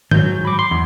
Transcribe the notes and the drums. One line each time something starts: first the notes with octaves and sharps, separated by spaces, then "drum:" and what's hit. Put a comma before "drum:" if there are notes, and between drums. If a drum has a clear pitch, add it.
G#2 F#3 G6, drum: tom D#3
B5 D6
C6
E2